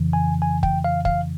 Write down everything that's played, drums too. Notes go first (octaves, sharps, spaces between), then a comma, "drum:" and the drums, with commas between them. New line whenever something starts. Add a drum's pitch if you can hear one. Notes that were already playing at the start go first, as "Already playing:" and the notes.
Already playing: F2 C#3 E3
G#5
G#5
G5, drum: kick
F5
F5, drum: kick